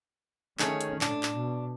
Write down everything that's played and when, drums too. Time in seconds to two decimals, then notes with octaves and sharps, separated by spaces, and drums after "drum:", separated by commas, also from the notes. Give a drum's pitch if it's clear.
0.59 D#3 A3 C#4 G#4 C#5, drum: clap
0.81 drum: hi-hat
1.01 A2 D4, drum: clap
1.23 drum: clap
1.34 B2